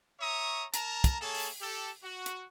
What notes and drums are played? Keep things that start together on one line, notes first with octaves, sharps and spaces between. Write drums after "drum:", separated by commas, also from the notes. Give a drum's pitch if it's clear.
C#5 E5 A#5 C#6 D#6
A#4 A5 A#5, drum: hi-hat
drum: kick, hi-hat
A#3 G#4 A4 C#5 A5
drum: open hi-hat
G4 A4
F#4
drum: hi-hat